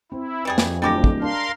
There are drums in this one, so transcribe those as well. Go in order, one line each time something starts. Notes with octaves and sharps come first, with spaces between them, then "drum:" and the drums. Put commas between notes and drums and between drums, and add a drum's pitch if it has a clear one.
C4 E4
F2 E3 G3 G#4
drum: snare
D1 G3 G#3 D4 G4 D6 A#6
drum: kick
D4 A#4 F5 C6